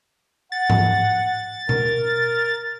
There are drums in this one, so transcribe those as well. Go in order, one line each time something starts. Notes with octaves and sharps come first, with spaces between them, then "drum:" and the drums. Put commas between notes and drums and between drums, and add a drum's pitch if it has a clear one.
F#5 A6
drum: tom G#2
A#4, drum: tom B2